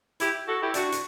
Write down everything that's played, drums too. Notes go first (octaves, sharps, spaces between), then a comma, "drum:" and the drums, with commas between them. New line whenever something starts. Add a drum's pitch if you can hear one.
E4 G4, drum: hi-hat
F#4 A4
E4 G4
D4 F#4, drum: hi-hat
drum: hi-hat